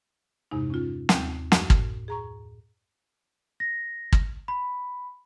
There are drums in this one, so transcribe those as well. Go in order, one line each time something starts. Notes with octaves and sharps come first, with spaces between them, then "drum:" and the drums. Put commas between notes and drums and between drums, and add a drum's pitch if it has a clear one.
E2 G2 C3 G#3 D#4
C#4 F4
D#2 C4 G6, drum: snare
F#2, drum: snare
A2, drum: kick
G#4 A#5 C#6
A#6
drum: kick
B5